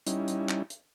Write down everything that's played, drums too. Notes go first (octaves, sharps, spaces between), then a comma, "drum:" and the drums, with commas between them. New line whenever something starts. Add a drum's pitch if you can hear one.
G3 C#4 D#4 E4, drum: hi-hat
drum: hi-hat
drum: clap
drum: hi-hat